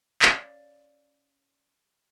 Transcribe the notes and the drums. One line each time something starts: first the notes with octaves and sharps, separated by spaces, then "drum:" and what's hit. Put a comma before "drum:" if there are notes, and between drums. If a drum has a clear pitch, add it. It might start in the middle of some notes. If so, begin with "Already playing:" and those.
C#4 D5 F5, drum: clap